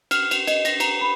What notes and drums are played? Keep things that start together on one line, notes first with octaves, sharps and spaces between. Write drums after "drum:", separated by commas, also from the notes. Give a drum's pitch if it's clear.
F6, drum: cymbal
F7, drum: cymbal
D#5, drum: cymbal
A#6, drum: cymbal
A#5, drum: cymbal
B5